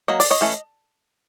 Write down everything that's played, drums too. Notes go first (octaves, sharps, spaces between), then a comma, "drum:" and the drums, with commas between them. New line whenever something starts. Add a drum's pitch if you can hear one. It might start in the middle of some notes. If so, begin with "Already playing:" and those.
F#3 A#3 D#5
D5, drum: open hi-hat
C#5 D#5
E3 A3 C#4